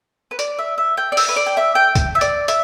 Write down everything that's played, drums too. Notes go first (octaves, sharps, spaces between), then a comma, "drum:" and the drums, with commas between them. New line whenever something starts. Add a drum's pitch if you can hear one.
B4
D5, drum: hi-hat
E5
E5
G5
D5
E5, drum: open hi-hat
B4
D5
G5
E5
G5
drum: kick, hi-hat
E5
D5, drum: hi-hat
E5, drum: hi-hat